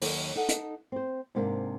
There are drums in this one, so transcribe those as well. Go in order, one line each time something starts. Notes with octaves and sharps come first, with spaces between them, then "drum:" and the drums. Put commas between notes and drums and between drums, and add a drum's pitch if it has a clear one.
D#2 D#3 F#3 A4 C#5, drum: open hi-hat
D#4 A4 F#5
drum: hi-hat
C4 C5
G#2 C3 A#3 C4 D4